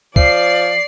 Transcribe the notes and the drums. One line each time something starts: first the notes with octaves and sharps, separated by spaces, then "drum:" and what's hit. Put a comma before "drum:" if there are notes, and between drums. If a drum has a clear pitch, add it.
F3 D5 C7, drum: kick